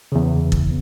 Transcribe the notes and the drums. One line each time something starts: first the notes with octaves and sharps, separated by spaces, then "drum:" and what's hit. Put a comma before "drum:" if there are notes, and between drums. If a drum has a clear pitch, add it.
E2 C#3
drum: kick